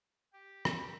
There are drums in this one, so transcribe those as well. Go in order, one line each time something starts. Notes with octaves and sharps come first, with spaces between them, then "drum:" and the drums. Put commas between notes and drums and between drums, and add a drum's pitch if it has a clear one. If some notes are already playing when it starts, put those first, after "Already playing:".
G4
drum: rim click